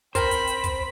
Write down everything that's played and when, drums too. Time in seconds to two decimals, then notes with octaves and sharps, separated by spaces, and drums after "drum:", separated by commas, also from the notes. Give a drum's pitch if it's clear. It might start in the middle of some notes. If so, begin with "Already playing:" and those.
0.15 C4 A#4 C5 G5 B5, drum: kick, hi-hat
0.31 drum: hi-hat
0.47 drum: hi-hat
0.64 drum: kick, hi-hat